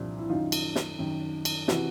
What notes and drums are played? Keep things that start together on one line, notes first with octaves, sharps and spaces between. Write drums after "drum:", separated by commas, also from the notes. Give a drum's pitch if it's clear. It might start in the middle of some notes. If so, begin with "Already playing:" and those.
Already playing: C2 A#2 F3 D4
E4
F#2 D#3 D#4 F4
drum: cymbal
drum: snare
F#2 D#3
drum: cymbal
C3 E3 E4 F#4, drum: snare